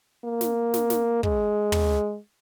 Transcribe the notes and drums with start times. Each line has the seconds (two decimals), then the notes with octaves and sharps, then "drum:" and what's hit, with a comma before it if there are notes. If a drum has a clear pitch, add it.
0.25 A#3
0.41 drum: snare
0.74 drum: snare
0.90 drum: snare
1.23 G#3, drum: kick
1.72 drum: tom